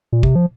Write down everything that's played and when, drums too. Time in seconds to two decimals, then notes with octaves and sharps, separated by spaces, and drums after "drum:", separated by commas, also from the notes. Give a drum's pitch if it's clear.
0.13 A#2
0.23 C3, drum: kick
0.36 F3